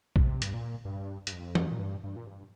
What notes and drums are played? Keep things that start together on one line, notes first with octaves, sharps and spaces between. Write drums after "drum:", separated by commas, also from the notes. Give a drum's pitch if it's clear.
A#2, drum: kick A#1
C3
G2, drum: hi-hat
A#2
G2
G2, drum: hi-hat
F2
drum: tom E3
A#2
G2
G2
A#2
G2